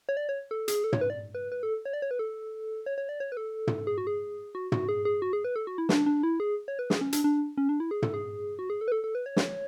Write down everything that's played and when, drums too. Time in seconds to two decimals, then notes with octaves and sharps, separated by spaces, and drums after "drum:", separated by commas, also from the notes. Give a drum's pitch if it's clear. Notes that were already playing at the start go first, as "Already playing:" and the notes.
0.09 C#5
0.17 D5
0.29 C#5
0.51 A4
0.68 G#4, drum: hi-hat
0.84 A4
0.93 C#5, drum: tom
1.01 B4
1.10 D5
1.35 B4
1.52 B4
1.63 A4
1.85 C#5
1.93 D5
2.02 C#5
2.11 B4
2.19 A4
2.86 C#5
2.98 C#5
3.09 D5
3.20 C#5
3.32 B4
3.37 A4
3.67 drum: tom
3.87 G#4
3.98 F#4
4.07 G#4
4.55 F#4
4.72 F#4, drum: tom
4.89 G#4
5.05 G#4
5.22 F#4
5.33 G#4
5.44 B4
5.56 A4
5.67 F#4
5.78 E4
5.89 D4, drum: snare
6.06 D4
6.23 E4
6.40 G#4
6.68 C#5
6.79 B4
6.90 G#4, drum: snare
7.01 C#4
7.13 D4, drum: hi-hat
7.24 D4
7.58 C#4
7.69 D4
7.80 E4
7.91 G#4
8.02 A4, drum: tom
8.14 G#4
8.59 F#4
8.70 G#4
8.81 A4
8.88 B4
8.92 A4
9.04 A4
9.15 B4
9.26 C#5
9.36 drum: snare